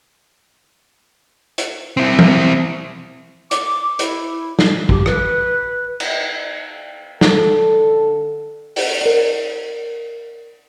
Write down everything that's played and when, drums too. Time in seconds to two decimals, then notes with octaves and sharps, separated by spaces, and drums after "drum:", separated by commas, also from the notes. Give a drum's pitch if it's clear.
1.58 drum: hi-hat
1.97 C4 E4
2.19 drum: tom E3
3.51 D6, drum: hi-hat
3.99 E4, drum: hi-hat
4.59 drum: snare
4.89 G4, drum: kick
5.06 B4, drum: rim click
6.00 drum: cymbal
7.21 D3 A4, drum: snare
8.76 drum: open hi-hat
9.01 A#4 D5